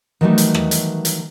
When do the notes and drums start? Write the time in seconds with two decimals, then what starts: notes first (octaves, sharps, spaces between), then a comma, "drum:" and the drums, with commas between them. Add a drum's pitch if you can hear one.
0.21 D#3 E3 F#3 G3 A3 D#4
0.38 drum: hi-hat
0.54 drum: rim click
0.71 drum: hi-hat
1.05 drum: hi-hat